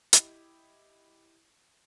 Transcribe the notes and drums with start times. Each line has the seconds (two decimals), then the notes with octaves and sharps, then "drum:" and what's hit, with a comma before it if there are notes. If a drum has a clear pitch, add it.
0.13 E4 G4 D#5, drum: hi-hat